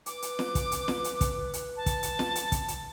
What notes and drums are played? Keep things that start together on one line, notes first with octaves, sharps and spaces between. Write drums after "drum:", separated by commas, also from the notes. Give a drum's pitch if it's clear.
B4 D6, drum: hi-hat
drum: hi-hat
drum: snare
drum: kick, hi-hat
drum: hi-hat
drum: snare
drum: hi-hat
drum: kick, hi-hat
drum: hi-hat
A5
drum: kick, hi-hat
drum: hi-hat
drum: snare
drum: hi-hat
drum: kick, hi-hat
drum: hi-hat